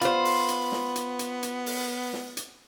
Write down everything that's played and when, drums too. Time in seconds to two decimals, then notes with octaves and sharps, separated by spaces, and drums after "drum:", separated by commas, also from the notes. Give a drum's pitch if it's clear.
0.01 B3 F4 C5 B5, drum: hi-hat
0.25 drum: open hi-hat
0.48 drum: hi-hat
0.72 drum: snare
0.96 drum: hi-hat
1.19 drum: hi-hat
1.43 drum: hi-hat
1.66 drum: open hi-hat
2.13 drum: snare
2.37 drum: hi-hat